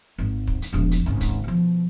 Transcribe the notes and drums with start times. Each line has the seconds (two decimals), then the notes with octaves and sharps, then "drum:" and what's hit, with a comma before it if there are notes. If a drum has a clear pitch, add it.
0.18 G#1
0.47 drum: kick
0.62 drum: hi-hat
0.73 E1 A#1
0.91 drum: hi-hat
1.06 G#1 C#3
1.21 drum: kick, hi-hat
1.44 B2 F3